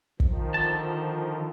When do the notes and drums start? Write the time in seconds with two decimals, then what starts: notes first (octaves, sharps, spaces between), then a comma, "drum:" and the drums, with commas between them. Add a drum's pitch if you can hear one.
0.20 D#3 F3, drum: kick
0.54 D3 A5